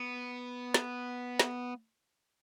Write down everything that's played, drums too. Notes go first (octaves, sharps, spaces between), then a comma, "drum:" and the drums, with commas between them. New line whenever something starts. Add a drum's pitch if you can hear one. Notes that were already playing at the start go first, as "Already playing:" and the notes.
Already playing: B3
drum: snare
drum: snare